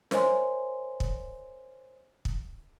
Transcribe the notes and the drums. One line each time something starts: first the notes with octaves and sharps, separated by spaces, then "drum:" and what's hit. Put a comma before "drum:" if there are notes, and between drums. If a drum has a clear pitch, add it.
A#4 C5 C#5 D#5 G#5 C6, drum: snare
drum: kick
drum: kick